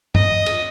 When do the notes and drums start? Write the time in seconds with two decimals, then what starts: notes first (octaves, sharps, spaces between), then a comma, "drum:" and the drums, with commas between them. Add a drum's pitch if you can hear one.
0.15 D#5, drum: tom
0.46 drum: cymbal